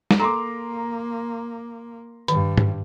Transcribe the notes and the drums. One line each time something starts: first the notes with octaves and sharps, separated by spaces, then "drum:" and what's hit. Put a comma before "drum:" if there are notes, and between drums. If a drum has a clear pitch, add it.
drum: snare
A#3 A4 A#5 C6 D6
G2 D#3, drum: hi-hat
drum: tom G#2